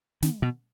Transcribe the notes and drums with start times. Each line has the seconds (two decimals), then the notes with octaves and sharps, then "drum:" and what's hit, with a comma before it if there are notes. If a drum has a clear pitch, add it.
0.22 D#3, drum: snare
0.42 B2